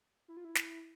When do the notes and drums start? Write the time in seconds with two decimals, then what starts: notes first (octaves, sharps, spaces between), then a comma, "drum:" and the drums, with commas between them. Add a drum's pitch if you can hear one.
0.28 E4
0.37 F4
0.45 E4
0.55 drum: snare